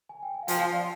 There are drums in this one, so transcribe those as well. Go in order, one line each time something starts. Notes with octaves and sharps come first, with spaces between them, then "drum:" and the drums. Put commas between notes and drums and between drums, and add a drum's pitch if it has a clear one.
G#5
G5
G#5
F5
F3 G5, drum: hi-hat
F5
D5